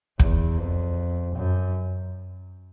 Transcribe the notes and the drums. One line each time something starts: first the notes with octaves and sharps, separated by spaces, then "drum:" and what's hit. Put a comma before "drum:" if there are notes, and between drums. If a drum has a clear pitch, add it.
E2, drum: kick
F2
F#2